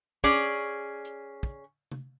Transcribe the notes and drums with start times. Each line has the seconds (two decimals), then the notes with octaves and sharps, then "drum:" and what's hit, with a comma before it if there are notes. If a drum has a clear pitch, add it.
0.24 C#4 G#4 D5, drum: kick
1.05 drum: hi-hat
1.43 drum: kick
1.91 drum: tom C3